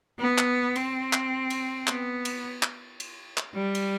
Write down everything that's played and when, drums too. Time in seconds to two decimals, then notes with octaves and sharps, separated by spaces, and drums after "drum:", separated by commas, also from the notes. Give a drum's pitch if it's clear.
0.19 B3
0.38 drum: clap
0.76 C4, drum: cymbal
1.13 drum: clap
1.50 drum: cymbal
1.87 B3, drum: clap
2.25 drum: cymbal
2.63 drum: clap
3.00 drum: cymbal
3.37 drum: clap
3.56 G3
3.75 drum: cymbal